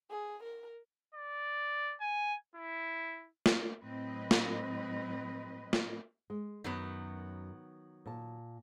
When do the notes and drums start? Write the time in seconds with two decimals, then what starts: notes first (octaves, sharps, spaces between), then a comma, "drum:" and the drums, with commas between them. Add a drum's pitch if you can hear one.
0.11 G#4
0.44 A#4
1.15 D5
2.00 G#5
2.56 E4
3.46 drum: snare
3.81 A2 F#3 C4 B4 D#5
4.31 drum: snare
5.73 drum: snare
6.30 G#3
6.64 F#2 D#3 F#3 B3
8.06 A#2 A5